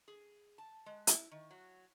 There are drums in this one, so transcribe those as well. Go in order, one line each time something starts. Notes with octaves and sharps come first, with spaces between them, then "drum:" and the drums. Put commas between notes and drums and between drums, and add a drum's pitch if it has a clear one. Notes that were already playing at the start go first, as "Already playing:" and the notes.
G#4
A5
G#3
E4, drum: hi-hat
D#3
F#3